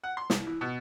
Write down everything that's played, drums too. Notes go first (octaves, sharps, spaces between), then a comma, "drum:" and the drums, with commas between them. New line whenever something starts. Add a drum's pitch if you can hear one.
F#5
C6
C2, drum: snare
E3
B2